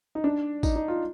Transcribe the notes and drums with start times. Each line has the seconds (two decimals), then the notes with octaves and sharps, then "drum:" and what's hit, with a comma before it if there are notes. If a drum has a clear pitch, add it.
0.15 D#4
0.24 D4
0.63 D#4, drum: kick A1, tambourine
0.76 D#4
0.88 F4